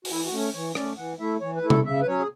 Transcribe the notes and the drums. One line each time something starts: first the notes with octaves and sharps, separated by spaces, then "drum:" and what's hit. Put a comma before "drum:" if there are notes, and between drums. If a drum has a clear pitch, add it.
F#4, drum: open hi-hat
E3 E4
F#4
A3 C#4
C#5
E3 C#5
A3 C#4 D5, drum: rim click
E3 F#5
A3 E4 E5
E3 C#5
B4
A3 E4
A4, drum: tom C3
C#3 E5
B4
F#3 C#4 C#5
G#4